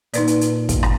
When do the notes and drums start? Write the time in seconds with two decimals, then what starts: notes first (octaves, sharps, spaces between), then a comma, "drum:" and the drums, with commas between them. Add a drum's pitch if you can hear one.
0.14 A#2 D#4 B4 D5, drum: hi-hat
0.27 drum: hi-hat
0.41 drum: hi-hat
0.69 drum: kick, hi-hat
0.83 drum: rim click